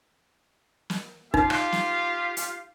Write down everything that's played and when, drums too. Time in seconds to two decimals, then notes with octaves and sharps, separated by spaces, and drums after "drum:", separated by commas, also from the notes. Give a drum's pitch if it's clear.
0.90 drum: snare
1.34 D#4 F4 G4 F5, drum: kick
1.50 drum: rim click
1.72 drum: snare
2.37 drum: hi-hat